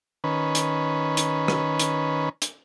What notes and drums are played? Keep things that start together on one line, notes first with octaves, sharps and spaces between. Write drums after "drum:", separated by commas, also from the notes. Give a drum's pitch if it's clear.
D#3 C#4 B4
drum: hi-hat
drum: hi-hat
drum: rim click
drum: hi-hat
drum: hi-hat